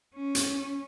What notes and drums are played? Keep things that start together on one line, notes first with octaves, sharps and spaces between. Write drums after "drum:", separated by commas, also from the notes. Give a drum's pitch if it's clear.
C#4
drum: hi-hat